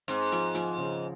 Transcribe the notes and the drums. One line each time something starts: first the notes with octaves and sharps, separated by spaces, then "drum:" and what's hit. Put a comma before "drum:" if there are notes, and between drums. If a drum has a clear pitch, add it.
G#2 C4, drum: hi-hat
F3, drum: hi-hat
F3, drum: hi-hat
C#3